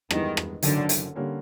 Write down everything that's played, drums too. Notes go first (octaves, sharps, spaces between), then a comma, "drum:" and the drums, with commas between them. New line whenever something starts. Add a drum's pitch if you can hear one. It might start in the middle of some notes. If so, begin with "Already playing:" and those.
G2 D#3 E3 G#3 B3, drum: rim click
drum: rim click
F#1 F#2 D3 D#3, drum: hi-hat
drum: hi-hat
D3 G3 A#3 C#4